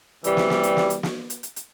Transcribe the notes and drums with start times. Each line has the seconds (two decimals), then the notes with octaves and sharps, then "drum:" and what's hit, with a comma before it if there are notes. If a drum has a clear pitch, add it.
0.24 C3 E3 G3, drum: hi-hat
0.37 drum: snare
0.50 drum: snare
0.63 drum: hi-hat
0.77 drum: snare
0.90 drum: hi-hat
1.03 drum: snare
1.30 drum: hi-hat
1.43 drum: hi-hat
1.56 drum: hi-hat